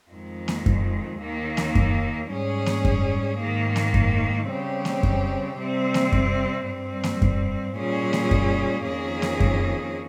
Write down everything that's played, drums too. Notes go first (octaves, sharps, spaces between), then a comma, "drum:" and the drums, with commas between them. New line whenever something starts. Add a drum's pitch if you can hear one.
F2 D#3 G#3
drum: snare A#3
drum: kick F#2
D#2 D#3 A#3
drum: snare A#3
drum: kick F#2
G#2 G3 C#4 G#4
drum: snare A#3
drum: kick F#2
G#2 D#3 A#3
drum: snare A#3
drum: kick F#2
C#3 G3 C4 G4
drum: snare A#3
drum: kick F#2
C3 G3 C4
drum: snare A#3
drum: kick F#2
G2 G3 C4
drum: snare A#3
drum: kick F#2
A#2 G3 C#4 G#4
drum: snare A#3
drum: kick F#2
F2 D#3 A#3 C#4 G#4
drum: snare A#3
drum: kick F#2